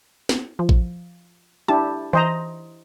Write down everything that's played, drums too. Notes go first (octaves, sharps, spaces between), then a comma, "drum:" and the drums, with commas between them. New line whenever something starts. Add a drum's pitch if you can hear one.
drum: snare
F3
drum: kick
D4 E4 G4 A5
E3 C5 D#5 A#5